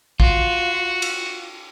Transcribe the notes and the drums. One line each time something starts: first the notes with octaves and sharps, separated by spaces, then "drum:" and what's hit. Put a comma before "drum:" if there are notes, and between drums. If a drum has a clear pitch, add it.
F4 F#4, drum: kick A#1
drum: cymbal